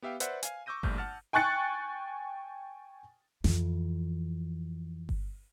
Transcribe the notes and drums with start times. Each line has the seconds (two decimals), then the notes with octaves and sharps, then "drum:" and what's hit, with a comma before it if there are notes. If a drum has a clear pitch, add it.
0.02 B3 G4 E5 F5 G5
0.20 B4 C5 D5 E5 F#5, drum: hi-hat
0.43 F5 G#5, drum: hi-hat
0.66 C#6 D6 E6 G6 A#6 D#7
0.83 A#1 G2 A3 F6 G6, drum: kick G1
0.98 F#5 A5 F6 A6
1.33 G5 G#5 C#6 F#6 A6 C#7
3.44 F2 E3, drum: snare
5.09 drum: kick G1